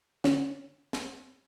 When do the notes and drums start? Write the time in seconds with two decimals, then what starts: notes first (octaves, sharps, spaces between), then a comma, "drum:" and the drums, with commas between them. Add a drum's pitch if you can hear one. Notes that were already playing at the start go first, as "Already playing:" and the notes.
0.24 D3 C#4, drum: snare
0.93 drum: snare